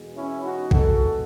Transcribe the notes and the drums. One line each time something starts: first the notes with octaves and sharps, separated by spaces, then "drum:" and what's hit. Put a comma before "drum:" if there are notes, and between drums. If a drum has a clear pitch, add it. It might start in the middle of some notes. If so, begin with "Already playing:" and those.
Already playing: E2 B2 G#3
C#4 E4
D#4 F#4
F#4 A4, drum: kick A#1